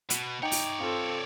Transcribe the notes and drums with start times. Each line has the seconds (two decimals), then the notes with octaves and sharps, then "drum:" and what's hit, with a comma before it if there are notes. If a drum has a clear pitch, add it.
0.10 B2, drum: hi-hat
0.42 D#4 C#5 D5 G5
0.52 drum: open hi-hat
0.81 C4 F4 A4